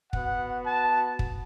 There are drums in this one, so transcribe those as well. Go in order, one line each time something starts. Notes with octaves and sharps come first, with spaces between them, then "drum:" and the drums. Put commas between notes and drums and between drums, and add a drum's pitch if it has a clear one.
B3 F#4 F#5, drum: kick
A5
drum: kick